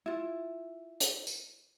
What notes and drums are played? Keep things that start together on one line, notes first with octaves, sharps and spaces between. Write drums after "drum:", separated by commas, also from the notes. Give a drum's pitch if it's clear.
E4 F4
drum: hi-hat
drum: tambourine